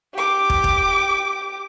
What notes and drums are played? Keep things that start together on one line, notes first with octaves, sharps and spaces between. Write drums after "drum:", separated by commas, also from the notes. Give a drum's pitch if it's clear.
G4 D6
drum: kick
drum: kick